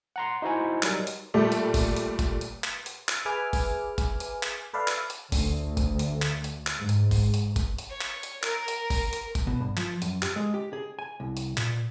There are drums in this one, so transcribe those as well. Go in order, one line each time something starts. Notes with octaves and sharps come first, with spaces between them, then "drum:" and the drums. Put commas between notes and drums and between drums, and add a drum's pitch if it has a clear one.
F#5 A#5 C6
D#4 E4 F#4 C5 F#5 G#5
F#3 G3 D#4 A#4, drum: clap
drum: hi-hat
A#2 G3 A3
drum: hi-hat
drum: kick F#1, open hi-hat
drum: hi-hat
drum: kick F#1, hi-hat
drum: hi-hat
drum: clap
drum: hi-hat
drum: clap
G#4 B4 E5 G#5 D6 F6
drum: kick F#1, open hi-hat
drum: kick F#1, hi-hat
drum: hi-hat
drum: clap
A4 B4 D5 E5 F5
drum: clap
drum: hi-hat
D2, drum: kick F#1, open hi-hat
drum: kick F#1, hi-hat
drum: hi-hat
drum: clap
drum: hi-hat
drum: clap
G#2
drum: hi-hat
drum: kick F#1, open hi-hat
drum: hi-hat
drum: kick F#1, hi-hat
drum: hi-hat
C#5
drum: clap
drum: hi-hat
A#4, drum: clap
drum: hi-hat
drum: kick F#1, open hi-hat
drum: hi-hat
drum: kick F#1, hi-hat
B2
G2
F3, drum: clap
F#2, drum: hi-hat
G4, drum: clap
G#3
G4
G#4
G#5
C2
drum: hi-hat
A#2, drum: clap